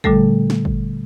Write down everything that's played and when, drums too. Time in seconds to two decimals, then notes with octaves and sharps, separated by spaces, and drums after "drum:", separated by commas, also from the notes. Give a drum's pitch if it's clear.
0.04 A#2 D3 G3 A3 A4, drum: kick
0.50 drum: snare
0.65 drum: kick